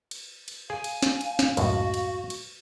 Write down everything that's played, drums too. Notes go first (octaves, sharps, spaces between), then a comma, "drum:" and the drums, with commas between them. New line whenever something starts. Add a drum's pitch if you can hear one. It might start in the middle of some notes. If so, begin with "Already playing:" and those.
drum: cymbal
drum: cymbal
G#4 F5 G#5
drum: cymbal
drum: snare
drum: cymbal
drum: snare
C#2 F#2 A2 F#4, drum: cymbal
drum: cymbal
drum: cymbal